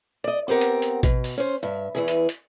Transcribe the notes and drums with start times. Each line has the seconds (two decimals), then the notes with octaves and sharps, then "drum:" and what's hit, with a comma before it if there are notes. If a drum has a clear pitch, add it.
0.24 D5 D#5
0.48 B3 C4 G4 A#4 F#5
0.61 drum: hi-hat
0.82 drum: hi-hat
1.03 B2, drum: kick A1, hi-hat
1.24 drum: open hi-hat
1.37 C#4 C5
1.63 G2 E5
1.95 E2 E3 G#4
2.08 drum: hi-hat
2.29 drum: hi-hat